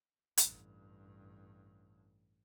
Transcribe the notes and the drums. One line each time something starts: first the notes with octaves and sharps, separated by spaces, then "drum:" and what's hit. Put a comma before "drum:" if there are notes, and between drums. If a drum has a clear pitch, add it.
A1 G2, drum: hi-hat